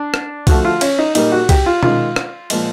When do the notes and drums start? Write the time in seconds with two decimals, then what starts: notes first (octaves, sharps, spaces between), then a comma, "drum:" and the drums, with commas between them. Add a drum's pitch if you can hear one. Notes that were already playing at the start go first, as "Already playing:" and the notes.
Already playing: D4
0.14 drum: rim click
0.47 D3 F3 A3 F#4, drum: kick, cymbal
0.65 F4
0.81 C#4, drum: cymbal
0.99 D#4
1.15 A#2 G3 A#3 D#4, drum: cymbal
1.32 F#4
1.49 G4, drum: kick, cymbal
1.66 F4
1.83 D#3 G#3 F4, drum: tom B2
2.16 drum: rim click
2.50 A#2 F3 G#3, drum: cymbal